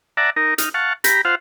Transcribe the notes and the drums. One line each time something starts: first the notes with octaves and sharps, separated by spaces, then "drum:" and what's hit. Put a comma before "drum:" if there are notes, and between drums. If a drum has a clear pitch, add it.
D5 E5 F#5 A5 A#5
D#4 A#4
D#4 F6, drum: hi-hat
F5 F#5 A5 C#6
G4 A#5 B5, drum: hi-hat
F4 C5 F5 F#5